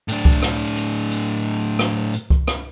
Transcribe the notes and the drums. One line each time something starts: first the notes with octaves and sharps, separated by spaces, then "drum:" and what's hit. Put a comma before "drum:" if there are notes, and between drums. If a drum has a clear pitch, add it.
A2 D4, drum: hi-hat
drum: kick C#2
drum: rim click
drum: hi-hat
drum: hi-hat
drum: rim click
drum: hi-hat
drum: kick C#2
drum: rim click